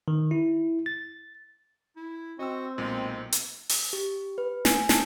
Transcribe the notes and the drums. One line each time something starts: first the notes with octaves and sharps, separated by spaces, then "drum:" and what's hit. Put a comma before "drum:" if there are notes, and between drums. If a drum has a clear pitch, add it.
D#3
E4
A6
E4
C4 F#4 D#5 E6
B1 A#2 G#3
drum: hi-hat
drum: open hi-hat
G4
B4
G#5, drum: snare
A5, drum: snare